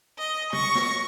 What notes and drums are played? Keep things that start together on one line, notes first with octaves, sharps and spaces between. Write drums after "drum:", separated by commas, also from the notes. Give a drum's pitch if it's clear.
D#5
C#6 A#6, drum: tom
drum: snare